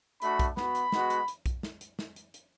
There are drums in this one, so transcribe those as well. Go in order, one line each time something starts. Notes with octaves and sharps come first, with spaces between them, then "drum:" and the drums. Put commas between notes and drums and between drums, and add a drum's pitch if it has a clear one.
A3 D4 F#4 B5, drum: hi-hat
drum: kick B1, hi-hat
B3 F#4 B5, drum: snare
drum: hi-hat
G#3 B3 F#4, drum: snare
drum: hi-hat
drum: hi-hat
drum: kick B1, hi-hat
drum: snare
drum: hi-hat
drum: snare
drum: hi-hat
drum: hi-hat